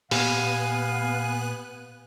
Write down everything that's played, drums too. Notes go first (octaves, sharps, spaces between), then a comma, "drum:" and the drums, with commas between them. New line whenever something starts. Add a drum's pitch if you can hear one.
A#2 B3 G4 F5 G#5 B5 F#6, drum: open hi-hat